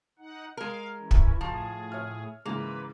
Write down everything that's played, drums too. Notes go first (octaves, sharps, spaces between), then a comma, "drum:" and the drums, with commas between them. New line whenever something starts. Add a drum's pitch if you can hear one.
D#4 F#5
G#3 A#4 F5
E3 C#4 E4
drum: kick
A2 F3 G#4 A#5 C#6 A6
C#5 E5 F6
G#2 C#3 E3 A#3 B4